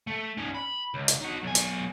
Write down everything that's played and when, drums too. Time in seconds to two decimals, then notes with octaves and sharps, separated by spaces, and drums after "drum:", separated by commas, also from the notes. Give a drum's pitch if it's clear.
0.07 A3
0.37 C#4 D#4
0.54 B5
0.94 C#2
1.08 drum: hi-hat
1.21 D#4 F#4
1.43 B1 G#5
1.55 drum: hi-hat